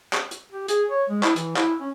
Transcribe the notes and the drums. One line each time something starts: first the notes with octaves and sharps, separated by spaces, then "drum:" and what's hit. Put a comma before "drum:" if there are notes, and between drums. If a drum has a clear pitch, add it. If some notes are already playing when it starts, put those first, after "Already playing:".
drum: clap
drum: hi-hat
G4
G#4, drum: hi-hat
C#5
G#3
E4, drum: clap
E3, drum: hi-hat
E4, drum: clap
C#4